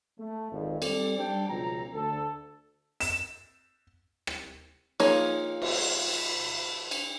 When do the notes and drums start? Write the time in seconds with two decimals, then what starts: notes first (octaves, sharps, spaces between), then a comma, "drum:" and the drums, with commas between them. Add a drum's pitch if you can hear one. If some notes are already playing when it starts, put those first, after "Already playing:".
0.19 A3
0.52 G#1 F2
0.82 G3 C4 A4 D5, drum: cymbal
1.19 G3 D4 G5
1.49 C#2 B2 F3 A#5
1.94 D2 A4
3.00 E7, drum: hi-hat
4.27 drum: rim click
5.00 F3 A#3 D#4 G#4 C#5, drum: cymbal
5.62 drum: cymbal
6.91 drum: cymbal